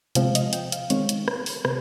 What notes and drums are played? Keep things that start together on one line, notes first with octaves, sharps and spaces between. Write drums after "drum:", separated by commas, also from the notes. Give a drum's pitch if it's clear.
C3 F3 G#3 C4 F5, drum: hi-hat
D#5, drum: hi-hat
G5, drum: hi-hat
F5, drum: hi-hat
D#3 G#3 C4 C#5, drum: hi-hat
drum: hi-hat
drum: rim click
drum: open hi-hat
C3 C5, drum: rim click